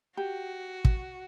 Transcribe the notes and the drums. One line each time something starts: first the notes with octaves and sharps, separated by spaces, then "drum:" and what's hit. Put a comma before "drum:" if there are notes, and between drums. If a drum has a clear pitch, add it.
F#4 G4
drum: kick